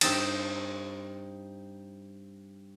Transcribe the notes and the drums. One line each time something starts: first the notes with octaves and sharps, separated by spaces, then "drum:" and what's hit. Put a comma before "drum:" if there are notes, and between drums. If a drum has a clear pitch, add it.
G2 C4 D#4 A5, drum: cymbal